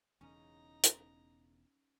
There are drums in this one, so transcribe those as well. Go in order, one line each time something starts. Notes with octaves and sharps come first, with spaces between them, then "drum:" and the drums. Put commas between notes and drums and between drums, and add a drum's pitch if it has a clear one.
E1 E2 C#3 C#4 D#4 A#5
drum: hi-hat